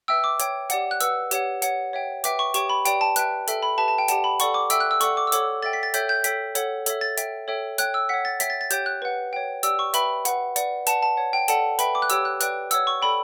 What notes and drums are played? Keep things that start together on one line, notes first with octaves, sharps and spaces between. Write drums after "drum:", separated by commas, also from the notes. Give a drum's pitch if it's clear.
B4 E5 G5 E6
D6
C#5 G5, drum: hi-hat
G4 D5 F#5, drum: hi-hat
F#6
B4 F#5 E6, drum: hi-hat
G4 C#5 F#5, drum: hi-hat
C#5 F#5, drum: hi-hat
C#5 E5 G5
B4 E5 G5 D6, drum: hi-hat
C#6
G4 C#5 G5 C#6, drum: hi-hat
B5
G4 B4 D5 G5, drum: hi-hat
A5
B4 E5 G5 F#6, drum: hi-hat
A4 E5 G5, drum: hi-hat
B5
G4 B4 E5 A5
A5
G5
G4 D5 F#5 A5, drum: hi-hat
B5
A4 D5 F#5 C#6, drum: hi-hat
D6
A4 E5 G5 E6, drum: hi-hat
F#6
E6
A4 D5 F#5 C#6, drum: hi-hat
D6
E6
A4 C#5 F#5 D6, drum: hi-hat
A4 E5 G5 A6
B6
A6
A4 C#5 E5 G5 G6, drum: hi-hat
G6
A4 C#5 G5 B6, drum: hi-hat
A4 C#5 F#5, drum: hi-hat
A4 C#5 E5, drum: hi-hat
A6
C#5 E5 G5, drum: hi-hat
A4 C#5 E5 G5
C#5 G5 F#6, drum: hi-hat
E6
C#5 F#5 B6
A6
C#5 E5 G5 B6, drum: hi-hat
A6
A6
G4 C#5 G5 G6, drum: hi-hat
F#6
B4 F#5
C#5 G5
G4 D5 G5 E6, drum: hi-hat
C#6
B4 E5 G5 B5, drum: hi-hat
B4 F#5, drum: hi-hat
B4 D5 F#5, drum: hi-hat
B4 D5 F#5 A5, drum: hi-hat
A5
C#5 F#5
G5
A4 D5 F#5 A5, drum: hi-hat
B4 E5 G5 B5, drum: hi-hat
D6
F#6
G4 C#5 G5 E6, drum: hi-hat
F#6
B4 D5 G5 F#6, drum: hi-hat
C#5 F#5 E6, drum: hi-hat
C#6
A4 D5 G5 B5